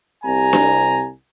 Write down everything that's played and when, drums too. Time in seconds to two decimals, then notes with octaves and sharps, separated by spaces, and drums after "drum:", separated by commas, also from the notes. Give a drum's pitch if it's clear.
0.24 C2 C3 G#5 A#5
0.53 drum: snare D4